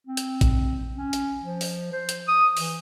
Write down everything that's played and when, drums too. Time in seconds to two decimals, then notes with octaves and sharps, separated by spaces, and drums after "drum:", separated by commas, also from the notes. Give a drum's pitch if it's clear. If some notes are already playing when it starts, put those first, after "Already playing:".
0.07 C4
0.17 drum: hi-hat
0.41 drum: kick A1, hi-hat
0.96 C#4
1.13 drum: hi-hat
1.41 F3
1.61 drum: open hi-hat
1.93 C5
2.09 drum: hi-hat
2.28 D#6
2.57 E3, drum: open hi-hat